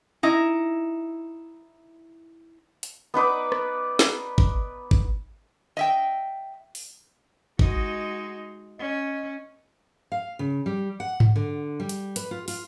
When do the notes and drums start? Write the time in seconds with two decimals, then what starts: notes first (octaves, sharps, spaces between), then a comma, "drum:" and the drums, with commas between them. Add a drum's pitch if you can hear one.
0.23 D#4 E4
2.83 drum: hi-hat
3.14 B3 D#4 B4 D5
3.52 drum: rim click
3.99 drum: snare
4.38 drum: kick G#1
4.91 drum: kick G#1
5.77 D#5 E5 G5
6.75 drum: open hi-hat
7.59 G#3 D#4 F#4, drum: kick G#1
8.79 C#4 D#5
10.12 F5
10.39 C#3
10.66 G3
11.00 F#5
11.20 drum: tom G#2
11.36 D3
11.80 G3
11.89 drum: hi-hat
12.16 B4, drum: hi-hat
12.31 F4
12.48 F4, drum: open hi-hat